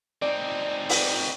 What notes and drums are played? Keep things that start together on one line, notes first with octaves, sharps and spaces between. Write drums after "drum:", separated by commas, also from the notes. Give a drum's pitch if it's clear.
C4 D#4 D5
drum: open hi-hat